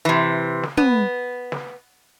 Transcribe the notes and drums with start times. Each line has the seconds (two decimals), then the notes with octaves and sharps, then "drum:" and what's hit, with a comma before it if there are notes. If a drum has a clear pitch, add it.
0.05 C3 E3
0.63 drum: snare
0.77 B3, drum: tom
1.52 drum: snare